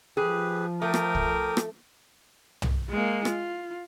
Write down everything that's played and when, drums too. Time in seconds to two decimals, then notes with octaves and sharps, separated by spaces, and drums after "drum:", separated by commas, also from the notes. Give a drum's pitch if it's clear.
0.17 F3 G4 G#4 B4
0.82 A3 A#4 G5 D6 D#6
0.94 drum: rim click
1.15 drum: kick
1.57 drum: rim click
2.62 drum: tom
2.90 G#3 A#3
3.25 F4, drum: rim click